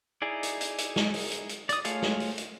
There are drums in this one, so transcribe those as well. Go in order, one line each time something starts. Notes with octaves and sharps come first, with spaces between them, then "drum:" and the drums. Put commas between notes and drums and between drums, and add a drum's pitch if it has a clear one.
D#4 E4 G#4 D5
drum: hi-hat
drum: hi-hat
drum: hi-hat
drum: snare
drum: open hi-hat
drum: hi-hat
drum: hi-hat
D5 D#6, drum: hi-hat
A3 F4 G#4 C#5 F5, drum: hi-hat
drum: snare
drum: open hi-hat
drum: hi-hat